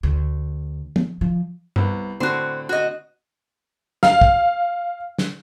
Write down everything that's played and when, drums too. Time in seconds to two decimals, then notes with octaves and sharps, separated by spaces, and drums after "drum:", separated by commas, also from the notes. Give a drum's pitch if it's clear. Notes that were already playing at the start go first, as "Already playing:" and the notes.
0.03 D2
0.96 drum: tom
1.21 F3
1.76 C2 B3, drum: tom G2
2.20 A2 D3 C4 F#4 C5
2.69 F#4 D#5
4.03 F5, drum: snare
4.21 drum: kick
5.18 drum: snare